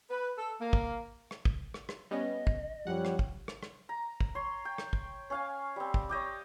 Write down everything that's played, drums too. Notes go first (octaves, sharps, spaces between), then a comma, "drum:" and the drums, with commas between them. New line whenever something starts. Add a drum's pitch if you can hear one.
B4
A4
A#3
drum: kick
drum: rim click
drum: kick
drum: rim click
drum: rim click
G3 B3 C#4 D#5
drum: kick
F#2 F3 G3 C#4 F#5
drum: rim click
drum: kick
drum: rim click
drum: rim click
A#5
drum: kick
C#5 C6
G5
drum: rim click
drum: kick
C#4 F5 G#5
G3 C4
drum: kick
C#5 D#5 G5 D6